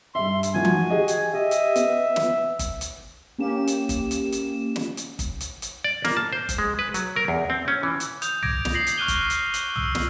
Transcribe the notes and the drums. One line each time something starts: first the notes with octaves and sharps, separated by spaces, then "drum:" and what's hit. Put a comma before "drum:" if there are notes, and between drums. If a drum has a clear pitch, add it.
G2 E5 C6
drum: hi-hat
D#3 F3 F#4 G#5
drum: tom E3
G4 G#4 D#5
drum: hi-hat
G4 D#5 E5
drum: hi-hat
B3, drum: hi-hat
drum: snare
drum: kick G1, hi-hat
drum: hi-hat
A#3 C#4 G4 E7
drum: hi-hat
drum: kick G1, hi-hat
drum: hi-hat
drum: hi-hat
drum: snare
drum: hi-hat
drum: kick G1, hi-hat
drum: hi-hat
drum: hi-hat
D5
A#3, drum: snare
A5
C5
drum: kick G1, hi-hat
G#3
B4
F#3, drum: hi-hat
A#4
E2
C4
C#4
E3
drum: hi-hat
D#6 G6 F7, drum: hi-hat
D6 G#6 A#6 D7, drum: tom
drum: snare
A#6 C7 F#7
drum: hi-hat
C#6 F6 F#6 D#7 G7
drum: kick G1, hi-hat
drum: hi-hat
F#7, drum: hi-hat
E6, drum: tom
drum: snare